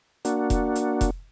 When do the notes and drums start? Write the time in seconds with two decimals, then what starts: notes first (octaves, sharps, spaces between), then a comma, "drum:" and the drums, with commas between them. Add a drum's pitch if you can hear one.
0.25 A#3 D4 F#4, drum: hi-hat
0.50 drum: kick F1, hi-hat
0.75 drum: hi-hat
1.01 drum: kick F1, hi-hat